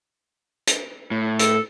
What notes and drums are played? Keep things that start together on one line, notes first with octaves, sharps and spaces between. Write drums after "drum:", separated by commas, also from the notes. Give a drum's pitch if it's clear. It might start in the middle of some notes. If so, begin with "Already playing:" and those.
drum: hi-hat
A2
A4, drum: hi-hat